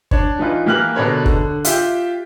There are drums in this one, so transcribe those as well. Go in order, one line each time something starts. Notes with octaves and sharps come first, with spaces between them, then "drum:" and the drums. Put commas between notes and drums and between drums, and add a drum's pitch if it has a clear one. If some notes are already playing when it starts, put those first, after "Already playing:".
D4 C#5, drum: kick
E3 D#4 F4 B4
E3 A#3 G4 F6 F#6 F#7
B2 D3 D4 A#4 C#5 B5
D3, drum: kick
F4 G4 E5 G5, drum: hi-hat